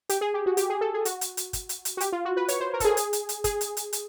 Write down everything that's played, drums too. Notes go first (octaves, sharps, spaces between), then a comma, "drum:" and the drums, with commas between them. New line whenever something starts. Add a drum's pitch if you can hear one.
G4, drum: hi-hat
G#4
G4
F#4
G4, drum: hi-hat
G#4
A4
G#4
F#4, drum: hi-hat
drum: hi-hat
drum: hi-hat
drum: kick, hi-hat
drum: hi-hat
drum: hi-hat
F#4
G4, drum: hi-hat
F4
F#4
B4
C#5, drum: hi-hat
C5
A#4
A4, drum: kick, hi-hat
G#4
drum: hi-hat
drum: hi-hat
drum: hi-hat
G#4, drum: kick, hi-hat
drum: hi-hat
drum: hi-hat
drum: hi-hat